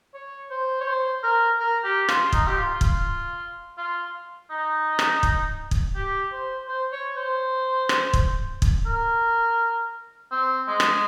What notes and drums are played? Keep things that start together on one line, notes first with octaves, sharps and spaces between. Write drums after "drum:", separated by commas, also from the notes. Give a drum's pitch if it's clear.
C#5
C5
C#5
C5
A#4
A#4
G4
F4, drum: rim click
D#4, drum: kick
G4
F4
F4, drum: kick
F4
D#4
drum: rim click
drum: kick
drum: kick
G4
C5
C5
C#5
C5
drum: rim click
drum: kick
drum: kick
A#4
C4
G#3
drum: rim click